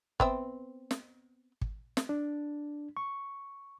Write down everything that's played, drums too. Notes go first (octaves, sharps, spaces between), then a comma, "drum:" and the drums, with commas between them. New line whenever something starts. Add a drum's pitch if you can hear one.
B3 C4 E5, drum: kick
drum: snare
drum: kick
drum: snare
D4
C#6